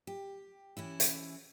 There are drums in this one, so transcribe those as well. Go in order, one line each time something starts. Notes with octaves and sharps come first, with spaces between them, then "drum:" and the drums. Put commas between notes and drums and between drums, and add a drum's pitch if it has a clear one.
G4
E3 C#4 E4
drum: hi-hat